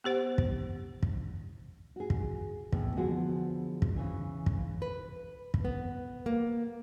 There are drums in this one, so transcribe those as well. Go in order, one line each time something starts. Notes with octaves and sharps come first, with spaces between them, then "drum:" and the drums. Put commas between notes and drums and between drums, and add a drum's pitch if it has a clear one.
B3 G4 C5 F#5
drum: kick
drum: kick
F#4 G#4
drum: kick
E2 A2, drum: kick
D3 F3 B3 F#4 G#4
drum: kick
C#3 E3
drum: kick
B4
drum: kick
B3
A#3